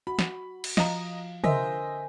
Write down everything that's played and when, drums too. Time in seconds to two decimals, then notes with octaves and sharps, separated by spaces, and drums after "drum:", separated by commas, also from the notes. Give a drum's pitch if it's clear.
0.07 F#4 B5
0.19 drum: snare
0.64 drum: cymbal
0.77 F3 D#5 A#5, drum: snare
1.44 D3 A#4 C5 D#5 E5 G#5, drum: tom